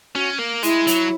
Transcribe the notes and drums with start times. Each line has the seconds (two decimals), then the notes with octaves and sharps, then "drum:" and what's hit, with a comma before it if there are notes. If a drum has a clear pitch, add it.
0.15 C#4 F#4
0.39 A#3
0.63 G#3 E4, drum: hi-hat
0.87 F#3, drum: hi-hat